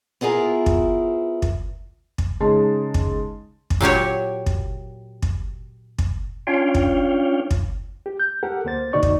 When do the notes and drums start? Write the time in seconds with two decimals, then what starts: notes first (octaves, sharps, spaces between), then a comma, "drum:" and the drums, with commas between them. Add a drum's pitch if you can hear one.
0.21 B3 E4 F4 G#4 A#4
0.66 drum: kick
1.42 drum: kick
2.18 drum: kick
2.40 C#3 G#3 D#4 G#4 A5 C6
2.94 drum: kick
3.70 drum: kick
3.81 A#2 F#3 G4 C#5
4.46 drum: kick
5.22 drum: kick
5.98 drum: kick
6.47 C#4 D4 F4 C#5 F5 G5
6.75 drum: kick
7.51 drum: kick
8.06 G4
8.20 G6
8.43 G4 A4 A#4 F#5
8.65 D2 A#3 C5 A6
8.93 A2 D3 D#4 F#4 D5 C#6
9.03 drum: kick